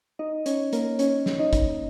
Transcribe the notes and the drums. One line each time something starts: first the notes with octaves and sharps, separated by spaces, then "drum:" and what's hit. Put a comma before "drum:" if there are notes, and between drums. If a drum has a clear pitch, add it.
D#4 D#5
C#4 C#5, drum: hi-hat
A#3 A#4, drum: hi-hat
C#4 C#5, drum: hi-hat
drum: snare
D#4 D#5
drum: kick, hi-hat